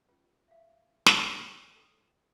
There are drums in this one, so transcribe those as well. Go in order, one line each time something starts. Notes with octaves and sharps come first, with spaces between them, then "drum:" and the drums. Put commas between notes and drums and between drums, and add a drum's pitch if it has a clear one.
C#4 F4 G4 B4 B5
E5 F5
C#5, drum: snare
A4 G5 D#6